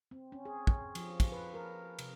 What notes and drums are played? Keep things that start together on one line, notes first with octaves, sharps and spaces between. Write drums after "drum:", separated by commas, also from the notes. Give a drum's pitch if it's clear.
C4
C#4
G#4
drum: kick
F3, drum: cymbal
drum: kick, cymbal
B4
A#4
C3, drum: cymbal